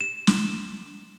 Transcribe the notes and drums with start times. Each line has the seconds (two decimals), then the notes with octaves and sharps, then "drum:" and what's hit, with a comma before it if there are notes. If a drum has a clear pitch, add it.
0.01 E7
0.27 drum: snare